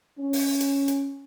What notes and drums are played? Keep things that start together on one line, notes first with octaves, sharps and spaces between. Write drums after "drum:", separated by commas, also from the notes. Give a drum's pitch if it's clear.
C#4
drum: open hi-hat
drum: hi-hat
drum: hi-hat